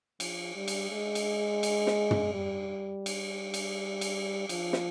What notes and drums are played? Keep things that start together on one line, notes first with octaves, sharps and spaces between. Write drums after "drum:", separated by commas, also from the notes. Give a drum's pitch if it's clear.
F3, drum: cymbal
G3
drum: cymbal
G#3
drum: cymbal
drum: cymbal
drum: snare
drum: tom
G3
drum: cymbal
drum: cymbal
drum: cymbal
F3, drum: cymbal
drum: snare